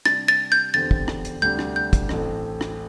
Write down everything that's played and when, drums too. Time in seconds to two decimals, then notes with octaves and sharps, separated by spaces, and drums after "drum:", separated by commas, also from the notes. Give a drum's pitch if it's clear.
0.05 C3 G3 D4 A6, drum: rim click
0.28 A6
0.52 G6
0.74 E2 D3 C4 G4 C5 A6
0.91 drum: kick
1.08 drum: rim click
1.25 drum: hi-hat
1.42 D2 C3 G3 D4 G6
1.59 drum: rim click
1.76 G6
1.93 drum: kick, hi-hat
2.09 A1 A2 A3 C4 A4, drum: rim click
2.61 drum: rim click